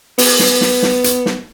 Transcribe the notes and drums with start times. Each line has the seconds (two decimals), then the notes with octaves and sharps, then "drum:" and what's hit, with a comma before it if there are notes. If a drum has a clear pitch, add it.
0.18 B3, drum: open hi-hat
0.39 drum: snare
0.61 drum: snare
0.83 drum: snare
1.04 drum: hi-hat
1.26 drum: snare